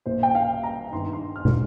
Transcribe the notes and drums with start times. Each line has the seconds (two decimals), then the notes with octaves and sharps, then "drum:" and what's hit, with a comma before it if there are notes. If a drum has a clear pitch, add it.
0.06 A#1 A#2 C5
0.23 G5
0.35 F5
0.63 A#5
0.92 G1 G2 D#3 C6
1.13 C6
1.36 F6
1.45 drum: tom